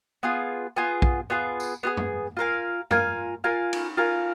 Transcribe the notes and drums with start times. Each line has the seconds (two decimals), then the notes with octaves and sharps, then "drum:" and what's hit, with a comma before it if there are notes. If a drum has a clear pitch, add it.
0.23 B3 F4 G#4
0.76 B3 F4 G#4
1.02 drum: kick
1.30 B3 F4 G#4
1.60 drum: tambourine
1.83 B3 F4 G#4
1.97 drum: tom
2.37 F4 A#4 F5 G#5
2.91 F4 A#4 F5 G#5, drum: tom
3.44 F4 A#4 F5 G#5
3.73 drum: cymbal
3.97 F4 A#4 F5 G#5